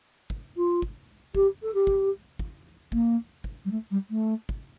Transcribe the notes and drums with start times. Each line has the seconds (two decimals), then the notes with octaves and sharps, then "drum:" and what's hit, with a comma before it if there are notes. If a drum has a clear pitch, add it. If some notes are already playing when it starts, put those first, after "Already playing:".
0.30 drum: kick
0.56 F4
0.82 drum: kick
1.35 G4, drum: kick
1.62 A4
1.74 G4
1.87 drum: kick
2.39 drum: kick
2.92 A#3, drum: kick
3.44 drum: kick
3.65 G3
3.71 A3
3.90 G3
4.10 A3
4.49 drum: kick